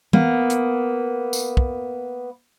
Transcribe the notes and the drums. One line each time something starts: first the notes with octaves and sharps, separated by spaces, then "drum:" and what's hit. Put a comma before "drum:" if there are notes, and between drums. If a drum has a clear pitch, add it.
A#3 B3, drum: tom E3
drum: hi-hat
drum: tambourine
drum: kick